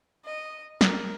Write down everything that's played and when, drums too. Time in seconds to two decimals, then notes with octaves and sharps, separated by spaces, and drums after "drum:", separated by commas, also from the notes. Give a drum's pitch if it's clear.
0.25 D#5
0.81 A#4, drum: snare